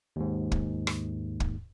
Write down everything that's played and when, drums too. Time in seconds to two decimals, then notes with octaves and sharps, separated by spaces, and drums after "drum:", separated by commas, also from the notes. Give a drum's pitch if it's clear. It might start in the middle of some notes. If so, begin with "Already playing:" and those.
0.16 D#2 G#2
0.52 drum: kick
0.87 drum: rim click
1.40 drum: kick